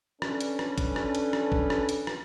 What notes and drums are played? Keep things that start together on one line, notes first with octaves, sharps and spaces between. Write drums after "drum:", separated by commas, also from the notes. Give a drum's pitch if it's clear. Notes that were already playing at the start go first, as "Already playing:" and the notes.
C#4 D4 A4 B4, drum: rim click
drum: hi-hat
drum: rim click
drum: kick, hi-hat
drum: rim click
drum: hi-hat
drum: rim click
drum: kick
drum: rim click
drum: hi-hat
drum: rim click